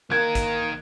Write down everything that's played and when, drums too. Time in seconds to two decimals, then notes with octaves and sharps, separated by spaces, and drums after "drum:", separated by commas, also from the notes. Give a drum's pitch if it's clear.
0.10 D#3 A#3 A#4 F#6 G#6
0.35 drum: kick G#1, hi-hat